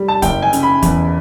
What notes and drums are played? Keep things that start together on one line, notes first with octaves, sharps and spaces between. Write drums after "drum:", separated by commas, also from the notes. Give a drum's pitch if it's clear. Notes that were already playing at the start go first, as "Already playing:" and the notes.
Already playing: G3
A5
F#1 G5, drum: kick, hi-hat
G#5
C#3, drum: hi-hat
B5
E2, drum: kick, hi-hat